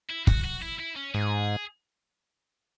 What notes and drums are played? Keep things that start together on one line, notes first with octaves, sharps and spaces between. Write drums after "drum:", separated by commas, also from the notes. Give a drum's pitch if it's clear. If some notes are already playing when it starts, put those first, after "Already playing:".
E4
F#4, drum: kick
F#4
E4
E4
C#4
G#2 G#4